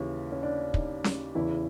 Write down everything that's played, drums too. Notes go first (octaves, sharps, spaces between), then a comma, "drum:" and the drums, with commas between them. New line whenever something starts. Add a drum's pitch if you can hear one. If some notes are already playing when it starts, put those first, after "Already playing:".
Already playing: D#2 C#3 E3 C#4
C#4
D4
D#4, drum: kick
drum: snare C#4
E2 C#3 E3 E4